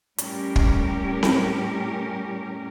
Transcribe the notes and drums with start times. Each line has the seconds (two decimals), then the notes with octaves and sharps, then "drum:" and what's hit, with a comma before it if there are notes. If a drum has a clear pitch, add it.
0.18 A2 G3 C#4 G4 A#4, drum: hi-hat
0.56 drum: kick
1.23 drum: snare C4